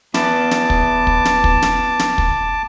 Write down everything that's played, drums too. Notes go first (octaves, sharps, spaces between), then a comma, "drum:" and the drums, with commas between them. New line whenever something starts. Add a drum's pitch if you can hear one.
B3 E4 A5 D6, drum: snare
drum: snare
drum: kick
drum: kick
drum: snare
drum: kick
drum: snare
drum: snare
drum: kick